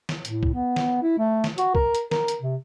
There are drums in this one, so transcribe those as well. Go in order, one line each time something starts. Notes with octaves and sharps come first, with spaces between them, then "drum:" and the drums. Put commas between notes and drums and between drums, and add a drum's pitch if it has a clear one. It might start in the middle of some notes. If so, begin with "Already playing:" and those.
drum: snare
A2, drum: hi-hat
drum: kick
B3
drum: snare
E4
A3
drum: snare
F#4, drum: hi-hat
A#4, drum: kick
drum: hi-hat
A#4, drum: snare
drum: hi-hat
C3